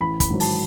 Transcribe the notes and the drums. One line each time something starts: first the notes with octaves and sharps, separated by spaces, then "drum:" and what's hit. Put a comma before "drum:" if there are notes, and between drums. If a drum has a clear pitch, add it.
A1 B5
B5, drum: kick, hi-hat
G#2 D#3 F#3
A5, drum: open hi-hat